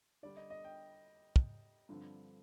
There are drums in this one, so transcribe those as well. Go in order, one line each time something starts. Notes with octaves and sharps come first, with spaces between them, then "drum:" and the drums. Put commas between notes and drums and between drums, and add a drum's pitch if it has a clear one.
D3 G3 D4 D5
D#5
D#5
G5
drum: kick
G2 D3 F3 C4